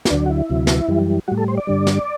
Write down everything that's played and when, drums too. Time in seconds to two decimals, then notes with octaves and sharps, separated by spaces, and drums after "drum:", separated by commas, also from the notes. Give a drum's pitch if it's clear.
0.05 E4, drum: snare
0.10 D2 D3 F#3 D4
0.26 F#4
0.30 E4
0.50 D2 C3 F#3
0.67 drum: snare
0.88 F#2 E3 G3
1.28 A2 G3 F#4
1.37 A4
1.48 C5
1.57 D5
1.67 G2 D3 G3
1.87 drum: snare